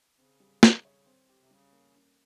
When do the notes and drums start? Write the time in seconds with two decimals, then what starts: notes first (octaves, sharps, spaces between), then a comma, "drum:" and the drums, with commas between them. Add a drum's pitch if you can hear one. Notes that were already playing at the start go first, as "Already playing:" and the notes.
0.18 C#3 C4
0.40 G3
0.63 G3, drum: snare
0.85 C#5
1.06 C4
1.29 G4
1.39 C3
1.51 C#3 G3
1.73 A#3
1.96 C#4